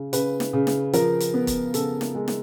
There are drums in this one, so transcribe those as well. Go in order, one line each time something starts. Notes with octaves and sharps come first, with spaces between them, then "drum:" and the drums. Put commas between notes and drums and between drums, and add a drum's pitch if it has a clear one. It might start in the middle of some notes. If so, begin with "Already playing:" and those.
Already playing: C#3
C#3 B4, drum: hi-hat
drum: snare
C#3
drum: snare
F3 A#4, drum: hi-hat
drum: hi-hat
B3
drum: kick, hi-hat
C#3 A4, drum: hi-hat
drum: snare
G#3
drum: snare